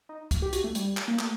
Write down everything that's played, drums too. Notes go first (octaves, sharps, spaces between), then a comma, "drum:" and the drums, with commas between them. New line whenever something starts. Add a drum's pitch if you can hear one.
D#4
drum: kick C2, hi-hat
G4
F#4, drum: hi-hat
A3
G3, drum: hi-hat
drum: clap
A#3
A3, drum: clap